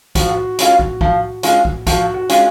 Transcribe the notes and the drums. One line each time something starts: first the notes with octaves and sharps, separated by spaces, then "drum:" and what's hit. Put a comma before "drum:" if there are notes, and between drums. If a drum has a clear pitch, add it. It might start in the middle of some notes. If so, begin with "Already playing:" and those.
F3 F#4, drum: kick, hi-hat
F#4
G#3 C#4 F4, drum: hi-hat
drum: kick
F3, drum: kick
G#3 C#4 F4, drum: hi-hat
drum: kick
F3 F#4, drum: kick, hi-hat
F#4
G#3 C#4 F4, drum: hi-hat